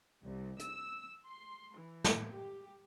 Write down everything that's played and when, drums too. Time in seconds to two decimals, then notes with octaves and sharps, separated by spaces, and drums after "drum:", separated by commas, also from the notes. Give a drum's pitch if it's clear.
0.23 C2
0.59 E6, drum: hi-hat
1.27 C6
1.76 E3
2.04 drum: snare
2.30 G4